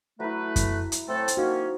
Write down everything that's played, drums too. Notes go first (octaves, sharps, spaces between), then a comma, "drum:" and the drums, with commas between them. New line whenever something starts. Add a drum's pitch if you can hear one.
F#3 A3 E4 B4
drum: kick F#2, hi-hat
drum: hi-hat
A2 A3 C4 A4 F#5
drum: hi-hat
A#3 C#4 D#4 F#4